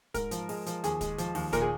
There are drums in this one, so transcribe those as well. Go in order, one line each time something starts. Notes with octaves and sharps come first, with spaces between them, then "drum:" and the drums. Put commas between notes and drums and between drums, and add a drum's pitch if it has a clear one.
G#2 A#4, drum: kick, hi-hat
F3, drum: hi-hat
G#3, drum: open hi-hat
F3, drum: hi-hat
D#2 G#4, drum: hi-hat
G#3, drum: kick, hi-hat
F3, drum: hi-hat
D#2, drum: open hi-hat
A#2 A#4, drum: kick, hi-hat
G#4